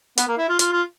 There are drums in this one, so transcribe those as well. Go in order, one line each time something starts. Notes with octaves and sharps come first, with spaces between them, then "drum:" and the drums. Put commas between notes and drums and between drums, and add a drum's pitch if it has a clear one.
B3, drum: hi-hat
A#3
E4
F4
F4, drum: hi-hat
F4